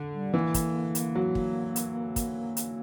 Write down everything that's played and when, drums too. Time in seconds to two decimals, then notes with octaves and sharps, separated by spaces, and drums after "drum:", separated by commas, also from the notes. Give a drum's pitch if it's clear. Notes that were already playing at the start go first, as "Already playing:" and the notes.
Already playing: D3
0.14 G3
0.34 E3 A#3
0.54 drum: kick, hi-hat
0.95 drum: hi-hat
1.15 F#3
1.35 drum: kick
1.76 drum: hi-hat
2.16 drum: kick, hi-hat
2.57 drum: hi-hat